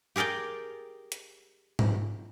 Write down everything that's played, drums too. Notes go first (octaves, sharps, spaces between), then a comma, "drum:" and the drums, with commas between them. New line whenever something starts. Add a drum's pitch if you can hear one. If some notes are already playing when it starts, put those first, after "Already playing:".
G4 G#4 A#4 D5 G5
drum: hi-hat
drum: tom G#2